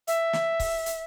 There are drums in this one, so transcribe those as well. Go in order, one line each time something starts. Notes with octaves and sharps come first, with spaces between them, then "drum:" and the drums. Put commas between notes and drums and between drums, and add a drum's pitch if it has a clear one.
E5, drum: hi-hat
drum: snare
drum: kick C#1, open hi-hat
drum: hi-hat